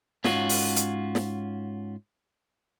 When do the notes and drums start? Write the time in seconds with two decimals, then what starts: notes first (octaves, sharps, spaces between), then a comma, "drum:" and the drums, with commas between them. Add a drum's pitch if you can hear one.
0.24 G#2 C#4 F4 F#4, drum: snare
0.49 drum: open hi-hat
0.76 drum: hi-hat
1.15 drum: snare